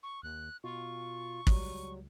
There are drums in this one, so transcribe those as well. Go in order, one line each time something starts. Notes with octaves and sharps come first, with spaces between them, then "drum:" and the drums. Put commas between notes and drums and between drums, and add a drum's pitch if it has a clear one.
C#6
D#2 F#6
B2 F4 C#6
C#2 F#3 G3, drum: kick